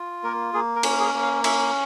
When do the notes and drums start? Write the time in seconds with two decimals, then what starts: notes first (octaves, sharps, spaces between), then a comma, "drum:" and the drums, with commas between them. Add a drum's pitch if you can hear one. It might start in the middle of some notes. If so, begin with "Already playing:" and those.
Already playing: F4
0.23 A#3 A#4
0.53 A#3 G#4
0.76 A#4
0.83 C#4, drum: cymbal
1.00 G#4
1.14 A#3
1.22 F5
1.44 C#4 E5, drum: cymbal